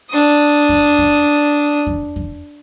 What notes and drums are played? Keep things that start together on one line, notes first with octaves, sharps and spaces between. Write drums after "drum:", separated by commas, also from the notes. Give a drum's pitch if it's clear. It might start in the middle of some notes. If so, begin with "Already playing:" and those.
D4 D#6
drum: kick E2
drum: kick E2
drum: kick E2
drum: kick E2